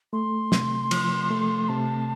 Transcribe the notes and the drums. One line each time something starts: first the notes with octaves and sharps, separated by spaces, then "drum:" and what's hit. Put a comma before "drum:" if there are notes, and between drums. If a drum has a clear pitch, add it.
A3 C6
C3, drum: snare
F3, drum: cymbal
A3
C3 A5